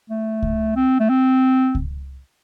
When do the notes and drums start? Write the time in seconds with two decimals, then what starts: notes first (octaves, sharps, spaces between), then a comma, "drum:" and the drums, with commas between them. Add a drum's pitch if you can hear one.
0.10 A3
0.42 drum: kick C#2
0.76 C4
1.00 A3
1.09 C4
1.75 drum: kick C#2